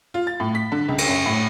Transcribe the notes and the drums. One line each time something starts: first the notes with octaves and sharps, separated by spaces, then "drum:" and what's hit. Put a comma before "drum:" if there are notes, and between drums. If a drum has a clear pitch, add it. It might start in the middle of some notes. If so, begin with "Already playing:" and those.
F4
A6
A2
B6
D3
C#2
drum: cymbal
F#2
A2